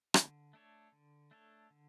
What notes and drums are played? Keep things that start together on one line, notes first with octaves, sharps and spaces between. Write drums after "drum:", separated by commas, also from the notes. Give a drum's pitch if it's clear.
D3, drum: rim click
A3 D4 A4 C#5
D3
A3 D4 A4 C#5
D3